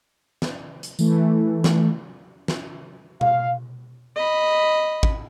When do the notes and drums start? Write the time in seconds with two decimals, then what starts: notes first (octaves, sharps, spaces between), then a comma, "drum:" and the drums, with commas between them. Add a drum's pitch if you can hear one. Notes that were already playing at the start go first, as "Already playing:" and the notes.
0.42 drum: snare
0.83 drum: hi-hat
0.99 E3 A3, drum: tambourine
1.64 drum: snare
2.48 drum: snare
3.21 F5, drum: tom B2
4.16 D#5 B5
5.03 drum: kick